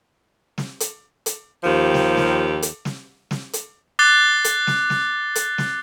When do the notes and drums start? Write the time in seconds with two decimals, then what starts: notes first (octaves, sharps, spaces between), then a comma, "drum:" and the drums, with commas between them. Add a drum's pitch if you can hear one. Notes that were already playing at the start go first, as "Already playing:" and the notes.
0.58 drum: snare
0.80 drum: hi-hat
1.26 drum: hi-hat
1.63 D#2 F3 G4
1.94 drum: snare
2.17 drum: snare
2.62 drum: hi-hat
2.85 drum: snare
3.31 drum: snare
3.53 drum: hi-hat
3.99 D6 F#6 A6 C7 G7
4.44 drum: hi-hat
4.67 drum: snare
4.90 drum: snare
5.35 drum: hi-hat
5.58 drum: snare